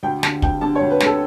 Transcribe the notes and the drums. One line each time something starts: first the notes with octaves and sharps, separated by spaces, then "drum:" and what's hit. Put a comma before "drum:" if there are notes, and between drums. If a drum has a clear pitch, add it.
D2 G5
D3 A5, drum: snare
D2 G5, drum: kick
D3 A5
C#5
D2
B4
D2 A4, drum: snare